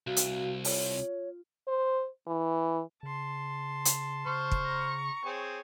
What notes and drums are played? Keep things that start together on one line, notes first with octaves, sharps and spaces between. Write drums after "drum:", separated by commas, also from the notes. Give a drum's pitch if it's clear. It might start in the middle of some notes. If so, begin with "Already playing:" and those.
C2 F#4 F5
drum: hi-hat
F4 C#5, drum: open hi-hat
C5
E3
C#3 A5 C6
drum: hi-hat
C#3 C5 C#6 F6
drum: kick
A#5
C4 G#4 C#5